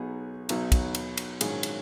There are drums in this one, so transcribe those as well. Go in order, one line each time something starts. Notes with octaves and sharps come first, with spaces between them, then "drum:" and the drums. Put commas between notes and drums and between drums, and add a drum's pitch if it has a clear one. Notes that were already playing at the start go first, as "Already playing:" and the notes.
Already playing: B1 B2 F#3 B3 D#4 G#4
B1 B2 F#3 B3 D#4, drum: cymbal
drum: kick, cymbal
drum: cymbal
drum: cymbal
A#1 G#2 D#3 F#3 C#4 G#4, drum: cymbal
drum: cymbal